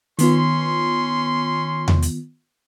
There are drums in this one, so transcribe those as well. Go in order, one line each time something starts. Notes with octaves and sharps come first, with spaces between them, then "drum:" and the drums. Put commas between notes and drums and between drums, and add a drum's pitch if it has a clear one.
D#3 B3 C#4 F4 C6, drum: hi-hat
drum: tom E2
drum: hi-hat